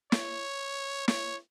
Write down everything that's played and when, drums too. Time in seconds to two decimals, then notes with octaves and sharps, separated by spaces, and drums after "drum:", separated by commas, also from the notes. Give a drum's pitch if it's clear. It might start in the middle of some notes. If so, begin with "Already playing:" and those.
0.12 C#5, drum: snare
1.08 C#5, drum: snare